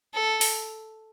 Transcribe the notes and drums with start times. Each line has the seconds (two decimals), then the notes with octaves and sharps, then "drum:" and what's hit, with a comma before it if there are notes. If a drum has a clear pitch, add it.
0.14 A4
0.41 drum: open hi-hat